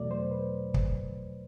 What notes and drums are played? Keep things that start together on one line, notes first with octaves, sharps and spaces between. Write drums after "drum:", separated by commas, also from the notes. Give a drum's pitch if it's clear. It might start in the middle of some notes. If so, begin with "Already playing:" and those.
Already playing: E2 B2 F#3 A3 D5
C5
B4
drum: kick